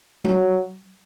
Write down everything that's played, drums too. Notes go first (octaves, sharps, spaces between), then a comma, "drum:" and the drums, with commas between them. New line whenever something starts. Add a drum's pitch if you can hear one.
F#3, drum: tom F#3